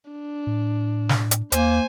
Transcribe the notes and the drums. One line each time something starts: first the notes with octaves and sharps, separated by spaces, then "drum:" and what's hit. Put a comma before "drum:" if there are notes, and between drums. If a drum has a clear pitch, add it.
D4
A2
drum: snare
drum: hi-hat
D#2 A#3 C5 G#5, drum: hi-hat